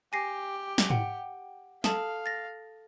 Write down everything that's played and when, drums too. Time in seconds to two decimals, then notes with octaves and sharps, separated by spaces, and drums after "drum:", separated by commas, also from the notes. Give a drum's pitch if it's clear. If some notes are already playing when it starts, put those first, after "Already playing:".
0.13 G4 G#5 A#6 C7
0.78 drum: snare
0.90 F#5 G5, drum: tom G#2
1.84 A4 F5 A5 D#6, drum: snare
2.26 A6 A#6